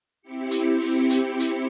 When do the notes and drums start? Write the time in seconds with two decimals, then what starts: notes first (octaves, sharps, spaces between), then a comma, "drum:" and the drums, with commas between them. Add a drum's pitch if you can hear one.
0.22 C4 E4 G4 C#7
0.51 drum: hi-hat
0.81 drum: open hi-hat
1.10 drum: hi-hat
1.40 drum: hi-hat